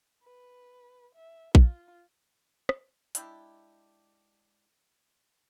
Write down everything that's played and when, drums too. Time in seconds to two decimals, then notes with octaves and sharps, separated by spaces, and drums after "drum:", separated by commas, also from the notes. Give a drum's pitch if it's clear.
0.23 B4
1.15 E5
1.55 F4, drum: kick A#1
2.69 drum: rim click
3.15 G#3 D4 E4 G4, drum: hi-hat